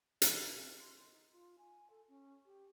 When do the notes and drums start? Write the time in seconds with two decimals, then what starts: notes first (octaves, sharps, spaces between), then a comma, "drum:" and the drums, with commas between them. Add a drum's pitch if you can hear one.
0.22 D#5, drum: hi-hat
0.56 C4
0.79 C6
0.96 D#4
1.32 F4
1.58 G#5
1.90 A4
2.08 C#4
2.45 G4